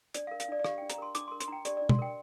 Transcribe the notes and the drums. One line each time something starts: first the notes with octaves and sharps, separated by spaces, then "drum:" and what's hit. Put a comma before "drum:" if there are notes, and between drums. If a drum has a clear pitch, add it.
D4 D5, drum: hi-hat
F5
A#4
F5, drum: hi-hat
D4 D5
D5
G4 F5, drum: rim click
D4 G5
A#5, drum: hi-hat
A#4 C6
D4 D6, drum: hi-hat
C6
A#4
C6, drum: hi-hat
D4 G5 A#5
G4 D5, drum: hi-hat
D4 D5
C6, drum: tom
A#4 G5